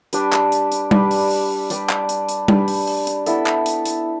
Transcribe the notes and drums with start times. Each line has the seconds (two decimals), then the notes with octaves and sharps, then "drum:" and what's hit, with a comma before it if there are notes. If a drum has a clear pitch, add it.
0.13 G3 D4 G4 B4, drum: hi-hat
0.32 drum: clap
0.52 drum: hi-hat
0.72 drum: hi-hat
0.91 G3 D4 G4 B4, drum: tom G3
1.11 drum: open hi-hat
1.30 drum: open hi-hat
1.70 G3 D4 G4 B4, drum: hi-hat
1.89 drum: clap
2.09 drum: hi-hat
2.29 drum: hi-hat
2.48 G3 D4 G4 B4, drum: tom G3
2.68 drum: open hi-hat
2.87 drum: open hi-hat
3.07 drum: hi-hat
3.26 B3 E4 A4 E5, drum: hi-hat
3.46 drum: clap
3.66 drum: hi-hat
3.86 drum: hi-hat